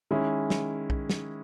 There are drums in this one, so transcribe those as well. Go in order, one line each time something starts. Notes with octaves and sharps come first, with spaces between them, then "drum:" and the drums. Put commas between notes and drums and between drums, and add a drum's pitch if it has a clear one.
D#3 G#3 C#4 E4
drum: snare
drum: kick B1
drum: snare